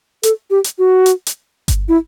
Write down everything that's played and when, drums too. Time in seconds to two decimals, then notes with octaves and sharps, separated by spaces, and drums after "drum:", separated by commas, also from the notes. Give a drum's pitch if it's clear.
0.23 A4, drum: hi-hat
0.50 G4
0.64 drum: hi-hat
0.79 F#4
1.06 drum: hi-hat
1.26 drum: hi-hat
1.68 drum: kick G1, hi-hat
1.89 E4